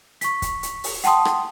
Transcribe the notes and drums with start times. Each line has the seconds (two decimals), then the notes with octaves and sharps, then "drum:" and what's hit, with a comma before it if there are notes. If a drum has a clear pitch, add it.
0.21 C#6 B6, drum: hi-hat
0.42 drum: kick, hi-hat
0.63 drum: hi-hat
0.84 drum: open hi-hat
1.04 F#5 G5 A5 C6 D#6, drum: hi-hat
1.25 drum: rim click